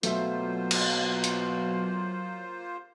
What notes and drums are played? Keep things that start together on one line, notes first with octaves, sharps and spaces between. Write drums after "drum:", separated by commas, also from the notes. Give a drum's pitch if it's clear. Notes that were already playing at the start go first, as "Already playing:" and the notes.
B2 F#3 A3 A#3 F4 C5 E5, drum: hi-hat
drum: cymbal
drum: hi-hat